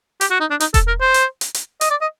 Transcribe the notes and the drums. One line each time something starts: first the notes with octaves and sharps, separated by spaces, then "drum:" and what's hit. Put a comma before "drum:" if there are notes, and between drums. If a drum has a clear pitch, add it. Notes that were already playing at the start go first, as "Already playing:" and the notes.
G4, drum: hi-hat
F#4
D#4
D4
D#4, drum: hi-hat
A4, drum: kick E1, hi-hat
A#4
C5
drum: hi-hat
drum: hi-hat
drum: hi-hat
D#5, drum: hi-hat
D5
D#5